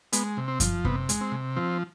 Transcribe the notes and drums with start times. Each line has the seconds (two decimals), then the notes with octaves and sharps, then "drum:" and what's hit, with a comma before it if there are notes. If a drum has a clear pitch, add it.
0.13 G#3 B3, drum: hi-hat
0.37 C3
0.48 C4
0.60 F3, drum: kick F#2, hi-hat
0.85 C3 B3, drum: kick F#2
1.09 G#3, drum: hi-hat
1.21 C4
1.32 C3
1.56 F3 C4